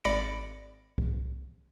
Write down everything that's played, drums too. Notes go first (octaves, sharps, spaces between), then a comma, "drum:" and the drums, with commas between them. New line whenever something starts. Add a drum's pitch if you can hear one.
G#1 D5 B5 A#6 C#7 D7
drum: kick C2